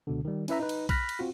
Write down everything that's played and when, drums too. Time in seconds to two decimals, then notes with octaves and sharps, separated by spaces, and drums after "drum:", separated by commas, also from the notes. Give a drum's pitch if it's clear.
0.07 C#2 B2 D3
0.25 D#3 G3
0.48 C#4 E4 B4 E5 A#5, drum: cymbal
0.60 D#4 B4
0.69 drum: cymbal
0.89 B5 F6 F#6 A#6 B6, drum: kick, cymbal
1.09 drum: cymbal
1.19 C4 F4 F#4